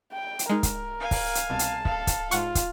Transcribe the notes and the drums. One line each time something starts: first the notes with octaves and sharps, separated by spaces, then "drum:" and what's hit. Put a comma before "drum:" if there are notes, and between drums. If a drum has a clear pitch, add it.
G5
drum: hi-hat
G#3 D#4 A#4
drum: kick, hi-hat
F5 G#5
drum: kick, open hi-hat
drum: hi-hat
C2 B2 A5
drum: hi-hat
A4 F5, drum: kick
drum: kick, hi-hat
G#2 F4 F#5 C#6, drum: hi-hat
drum: kick, hi-hat